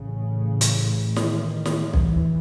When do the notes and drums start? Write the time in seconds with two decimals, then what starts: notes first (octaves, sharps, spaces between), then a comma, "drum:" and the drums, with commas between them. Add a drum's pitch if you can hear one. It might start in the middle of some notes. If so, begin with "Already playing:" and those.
Already playing: A1 A2 C#3
0.61 drum: hi-hat
1.16 D#3, drum: snare
1.65 drum: snare
1.94 E3, drum: kick B1